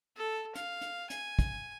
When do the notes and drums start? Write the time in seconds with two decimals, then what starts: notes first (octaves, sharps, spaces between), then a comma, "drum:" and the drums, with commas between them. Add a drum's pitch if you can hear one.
0.17 A4
0.55 F5, drum: hi-hat
0.81 drum: hi-hat
1.10 G#5, drum: hi-hat
1.39 drum: kick, hi-hat